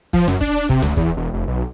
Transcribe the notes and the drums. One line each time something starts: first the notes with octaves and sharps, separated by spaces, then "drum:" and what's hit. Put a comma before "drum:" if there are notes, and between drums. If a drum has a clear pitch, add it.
F3, drum: kick
F#2, drum: snare
D4, drum: kick
C3, drum: kick
D2, drum: snare
E2, drum: kick
E1
F1
B1